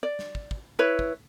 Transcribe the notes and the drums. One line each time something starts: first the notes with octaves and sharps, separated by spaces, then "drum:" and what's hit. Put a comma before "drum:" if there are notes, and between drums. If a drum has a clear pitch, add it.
D5
drum: snare
drum: kick
drum: kick
E4 B4 C#5
drum: kick